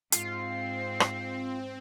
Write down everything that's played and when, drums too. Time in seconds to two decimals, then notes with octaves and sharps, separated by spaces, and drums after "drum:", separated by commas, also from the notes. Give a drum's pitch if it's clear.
0.12 G#2 C4 F4 C7, drum: hi-hat
1.00 drum: rim click